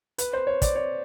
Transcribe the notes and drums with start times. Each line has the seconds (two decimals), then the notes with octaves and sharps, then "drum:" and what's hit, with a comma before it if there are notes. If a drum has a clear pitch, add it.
0.18 B4, drum: hi-hat
0.33 C5
0.47 C#5
0.62 D5, drum: kick, hi-hat
0.75 C#5